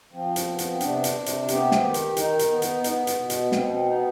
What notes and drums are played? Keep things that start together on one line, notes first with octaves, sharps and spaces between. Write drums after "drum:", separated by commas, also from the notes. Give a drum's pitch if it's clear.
F3 C4
drum: hi-hat
B3
drum: hi-hat
C3 D4, drum: hi-hat
drum: hi-hat
C3
drum: hi-hat
B3 G4, drum: hi-hat
drum: snare
D#3
drum: hi-hat
D#3 D#4, drum: hi-hat
drum: hi-hat
B3
drum: hi-hat
B3, drum: hi-hat
drum: hi-hat
B2
drum: hi-hat
B2 C4, drum: snare
C4
B3 D#4